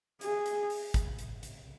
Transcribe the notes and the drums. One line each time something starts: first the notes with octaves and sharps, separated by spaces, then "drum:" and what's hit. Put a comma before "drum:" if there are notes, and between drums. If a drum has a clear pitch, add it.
G#4, drum: hi-hat
drum: hi-hat
drum: open hi-hat
drum: kick G#1, hi-hat
drum: hi-hat
drum: hi-hat